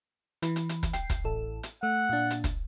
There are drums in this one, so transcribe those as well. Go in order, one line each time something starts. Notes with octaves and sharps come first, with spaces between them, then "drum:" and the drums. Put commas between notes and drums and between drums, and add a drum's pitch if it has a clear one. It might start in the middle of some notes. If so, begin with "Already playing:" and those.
E3, drum: hi-hat
drum: hi-hat
drum: hi-hat
drum: kick, hi-hat
G5 C7, drum: hi-hat
drum: kick, hi-hat
A1 A4
drum: hi-hat
A3 F#5
A#2 D4
drum: hi-hat
drum: kick, hi-hat